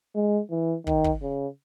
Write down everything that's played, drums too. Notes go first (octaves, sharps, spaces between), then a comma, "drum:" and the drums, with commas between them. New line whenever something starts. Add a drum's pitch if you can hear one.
G#3
E3
D#3, drum: kick
drum: kick
C#3